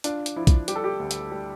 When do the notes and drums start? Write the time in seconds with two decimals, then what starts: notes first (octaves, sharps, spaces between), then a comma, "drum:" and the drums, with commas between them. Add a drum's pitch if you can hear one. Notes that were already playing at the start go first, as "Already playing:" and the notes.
0.04 D4 F4, drum: hi-hat
0.26 drum: hi-hat
0.36 F3 E4
0.47 drum: kick A#1, hi-hat
0.68 G3 G4, drum: hi-hat
0.76 A4
0.84 G4
1.00 D2
1.11 drum: hi-hat
1.32 G3